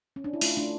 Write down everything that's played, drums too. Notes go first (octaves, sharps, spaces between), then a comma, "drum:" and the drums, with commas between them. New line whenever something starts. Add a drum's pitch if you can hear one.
C#4
D4
E4
A3 F4, drum: open hi-hat
A3 D4